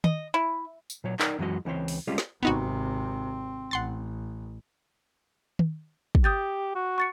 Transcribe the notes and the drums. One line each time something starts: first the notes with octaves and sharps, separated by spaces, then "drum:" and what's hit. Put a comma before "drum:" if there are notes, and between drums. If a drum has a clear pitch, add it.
D#5, drum: tom D#3
E4
drum: tambourine
A#2 F#3 C#5
D#4 A#4 D5 G5, drum: clap
F#2 E3 F#3 G#3 F#4 D#5
C#2 E3 C4 C#5 C6
drum: open hi-hat
G3 G#3 C#4 F4 G4 G#4
drum: snare
G#1 C3 B3 C4 D#4 F#4
A1 F#5 C6 A6
drum: tom D#3
drum: kick
G4 D#6 G6 A6
F#4
C#6 A6 C#7